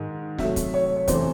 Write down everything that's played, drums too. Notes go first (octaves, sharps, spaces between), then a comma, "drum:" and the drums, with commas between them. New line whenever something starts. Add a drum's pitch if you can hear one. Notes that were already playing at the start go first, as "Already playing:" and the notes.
Already playing: G#2 D#3 G#3
C3 F#3 A3 E5, drum: snare
drum: kick, hi-hat
C#5
C#5
E2 C3 E3 A3 C5, drum: kick, hi-hat